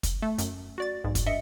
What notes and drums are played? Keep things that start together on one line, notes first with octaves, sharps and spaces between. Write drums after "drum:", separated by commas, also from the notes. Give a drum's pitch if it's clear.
drum: kick, hi-hat
A3
F#2, drum: hi-hat
F#4 D5 A6
B1 G#2
drum: kick, hi-hat
G2 D#5 E5 C#7